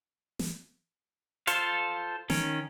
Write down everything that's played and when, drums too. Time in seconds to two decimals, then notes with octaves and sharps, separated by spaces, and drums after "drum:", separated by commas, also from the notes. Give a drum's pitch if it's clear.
0.39 drum: snare
1.47 F4 A4 C5 F5, drum: hi-hat
2.30 D#3 C#4, drum: snare